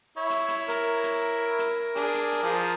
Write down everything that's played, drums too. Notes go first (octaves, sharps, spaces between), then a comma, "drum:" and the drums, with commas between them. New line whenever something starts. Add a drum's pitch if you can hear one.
E4 C#5
drum: hi-hat
drum: hi-hat
A#4, drum: hi-hat
drum: hi-hat
drum: hi-hat
D4 G#4, drum: hi-hat
drum: hi-hat
drum: hi-hat
F3 G#4